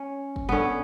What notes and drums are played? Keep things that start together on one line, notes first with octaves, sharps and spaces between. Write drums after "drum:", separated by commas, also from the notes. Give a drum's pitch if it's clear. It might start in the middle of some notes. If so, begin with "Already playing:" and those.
Already playing: C#4
drum: kick
B3 C#4 D4 A4 D5 F#5